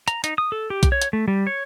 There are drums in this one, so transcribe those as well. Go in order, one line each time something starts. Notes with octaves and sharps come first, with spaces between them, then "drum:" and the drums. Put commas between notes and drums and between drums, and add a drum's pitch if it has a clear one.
A#5, drum: hi-hat
D#4, drum: hi-hat
D#6
A4
G4
drum: kick B1, hi-hat
C#5
drum: hi-hat
A3
G3
C#5